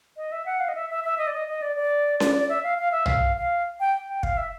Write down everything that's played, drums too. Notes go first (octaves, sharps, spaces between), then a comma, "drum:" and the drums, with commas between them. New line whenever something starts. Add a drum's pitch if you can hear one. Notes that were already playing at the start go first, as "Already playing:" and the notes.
D#5
E5
F#5
F5
D#5
E5
E5
E5
D#5
D5
D#5
D#5
D5
D5
D5, drum: snare C#4
D5
E5
F5
F5
E5
F5, drum: tom B1
F5
G5
G5
F5, drum: kick
E5